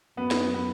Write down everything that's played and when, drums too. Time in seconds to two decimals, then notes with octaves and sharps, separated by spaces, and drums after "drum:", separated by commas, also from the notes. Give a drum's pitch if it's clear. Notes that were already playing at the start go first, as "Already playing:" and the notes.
0.17 F#2 B3
0.31 drum: snare
0.54 B3